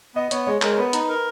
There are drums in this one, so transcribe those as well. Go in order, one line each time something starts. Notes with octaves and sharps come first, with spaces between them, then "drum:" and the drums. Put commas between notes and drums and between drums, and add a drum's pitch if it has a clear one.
B3 D#5
B3 C#5, drum: hi-hat
G#3 C#5
G#3 A#4, drum: clap
C#5
B3 B4
D#4, drum: hi-hat
A#4